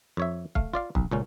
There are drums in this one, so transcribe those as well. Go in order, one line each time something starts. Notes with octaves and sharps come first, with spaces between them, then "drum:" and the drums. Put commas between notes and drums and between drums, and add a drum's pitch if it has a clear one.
F2 C#5 E5
A3 F5, drum: kick
F4 D5 F5
B1, drum: kick
C#2 A#2 C#4